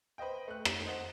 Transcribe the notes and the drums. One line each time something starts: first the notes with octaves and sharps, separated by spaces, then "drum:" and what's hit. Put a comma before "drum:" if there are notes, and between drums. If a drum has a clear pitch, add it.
B4 C5 D#5 G5
A3 F#6
drum: rim click
C5 D#5 F#5